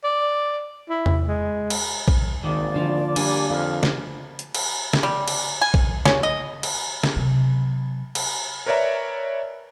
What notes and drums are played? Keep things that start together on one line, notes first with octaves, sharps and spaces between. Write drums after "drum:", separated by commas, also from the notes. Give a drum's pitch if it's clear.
D5
E4
drum: tom E2
G#3
drum: cymbal
drum: kick A#1
G#1 D#3 A#3 D5
D3 F3 D4
G3 D4 G#5, drum: cymbal
F2 F5
drum: snare
drum: hi-hat
drum: cymbal
drum: snare
G3
drum: cymbal
G#5
drum: kick A#1
C#4, drum: snare
D#5
drum: cymbal
drum: snare
C3 F#3
drum: cymbal
A#4 B4 C#5 D5 E5 A#5